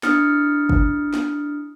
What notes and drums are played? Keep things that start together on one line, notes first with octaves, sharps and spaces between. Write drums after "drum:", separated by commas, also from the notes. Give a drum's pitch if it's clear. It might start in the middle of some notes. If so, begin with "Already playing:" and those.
D4 E4 D#6 F6 A6 C#7, drum: snare
drum: kick
drum: snare